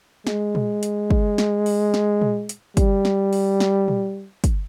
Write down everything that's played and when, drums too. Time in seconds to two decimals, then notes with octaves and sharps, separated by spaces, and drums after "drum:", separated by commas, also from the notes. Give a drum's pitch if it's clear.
0.27 G#3, drum: snare
0.55 drum: tom A#2
0.83 drum: hi-hat
1.10 drum: kick
1.38 drum: snare
1.66 drum: open hi-hat
1.94 drum: snare
2.22 drum: tom A#2
2.49 drum: hi-hat
2.77 G3, drum: kick, hi-hat
3.05 drum: snare
3.33 drum: open hi-hat
3.60 drum: snare
3.88 drum: tom A#2
4.44 drum: kick, hi-hat